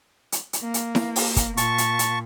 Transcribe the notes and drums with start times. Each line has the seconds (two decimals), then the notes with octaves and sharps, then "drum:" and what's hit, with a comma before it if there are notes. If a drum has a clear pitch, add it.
0.32 drum: hi-hat
0.53 drum: hi-hat
0.63 A#3
0.74 drum: hi-hat
0.95 drum: snare E4
1.16 drum: open hi-hat
1.36 drum: kick, hi-hat
1.57 A#2 A5 C#6, drum: hi-hat
1.78 drum: hi-hat
1.99 drum: hi-hat